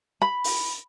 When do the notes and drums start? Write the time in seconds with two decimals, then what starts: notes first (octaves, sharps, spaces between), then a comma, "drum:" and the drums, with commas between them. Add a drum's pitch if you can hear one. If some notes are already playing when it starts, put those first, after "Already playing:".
0.22 B5
0.44 drum: open hi-hat